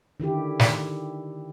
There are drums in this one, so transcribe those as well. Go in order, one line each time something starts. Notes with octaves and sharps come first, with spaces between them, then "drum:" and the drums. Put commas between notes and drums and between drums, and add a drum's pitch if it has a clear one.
D3 D#3 E4 G4
drum: snare